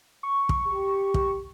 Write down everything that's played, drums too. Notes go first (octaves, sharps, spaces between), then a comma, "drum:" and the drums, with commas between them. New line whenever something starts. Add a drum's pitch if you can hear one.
C#6
drum: kick
G4
drum: kick